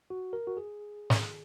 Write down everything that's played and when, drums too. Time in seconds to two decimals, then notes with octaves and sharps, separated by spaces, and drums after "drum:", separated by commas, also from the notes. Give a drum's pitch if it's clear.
0.10 F#4
0.33 A#4
0.47 F#4
0.57 G#4
1.10 drum: snare